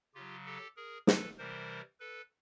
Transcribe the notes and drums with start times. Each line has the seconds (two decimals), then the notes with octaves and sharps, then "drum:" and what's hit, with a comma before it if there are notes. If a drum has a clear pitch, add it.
0.14 C#3 F#3 F4 G4
0.46 G4 A4
0.77 G#4 A#4
1.07 A4 B4, drum: snare
1.38 C3 E3 G3 A#4 C5
2.00 A4 B4